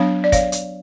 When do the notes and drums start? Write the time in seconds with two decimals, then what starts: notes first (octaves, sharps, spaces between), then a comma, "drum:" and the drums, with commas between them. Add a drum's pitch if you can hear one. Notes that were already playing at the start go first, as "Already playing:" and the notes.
Already playing: F#3 B3 D4 C#5 F5
0.24 D5
0.32 C#5 F5, drum: kick, hi-hat
0.52 drum: hi-hat